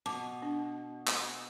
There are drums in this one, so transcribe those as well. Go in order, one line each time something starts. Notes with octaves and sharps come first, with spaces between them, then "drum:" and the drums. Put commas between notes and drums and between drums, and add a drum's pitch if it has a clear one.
B2 A5 D6
D4
drum: clap